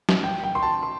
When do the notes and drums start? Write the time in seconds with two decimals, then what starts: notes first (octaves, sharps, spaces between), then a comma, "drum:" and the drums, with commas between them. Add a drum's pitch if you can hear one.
0.09 drum: snare
0.24 G5
0.44 G5
0.55 C6
0.63 A5
0.83 C6